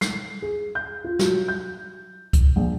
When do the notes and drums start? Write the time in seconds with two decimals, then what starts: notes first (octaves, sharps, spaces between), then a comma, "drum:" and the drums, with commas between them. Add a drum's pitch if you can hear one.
0.01 C7, drum: snare
0.42 G#4
0.75 G6
1.04 F4
1.19 F#3, drum: snare
1.48 G6
2.33 drum: kick C2, hi-hat
2.56 A#1